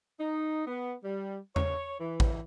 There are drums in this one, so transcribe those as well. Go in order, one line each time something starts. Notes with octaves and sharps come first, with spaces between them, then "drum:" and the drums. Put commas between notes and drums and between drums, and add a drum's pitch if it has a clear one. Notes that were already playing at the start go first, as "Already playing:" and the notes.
D#4
B3
G3
C#5, drum: tom E2
E3
drum: kick